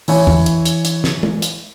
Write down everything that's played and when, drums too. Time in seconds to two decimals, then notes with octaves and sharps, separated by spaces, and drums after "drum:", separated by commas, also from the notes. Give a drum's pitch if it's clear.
0.08 E3 E4 C#5 G#5, drum: open hi-hat
0.27 drum: tom
0.46 drum: hi-hat
0.65 drum: hi-hat
0.85 drum: hi-hat
1.04 drum: snare
1.23 drum: tom
1.42 drum: hi-hat